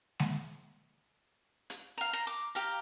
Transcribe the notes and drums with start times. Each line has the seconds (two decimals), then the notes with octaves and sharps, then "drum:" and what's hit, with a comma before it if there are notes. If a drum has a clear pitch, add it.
0.19 drum: snare G#3
1.70 drum: hi-hat
1.98 F5 A#5
2.13 A#5
2.27 D6
2.55 G4 F5 A#5